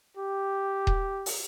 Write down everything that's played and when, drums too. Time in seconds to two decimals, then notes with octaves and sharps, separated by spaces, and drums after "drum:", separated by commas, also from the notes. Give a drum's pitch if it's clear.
0.17 G4
0.87 drum: kick D#1
1.26 drum: open hi-hat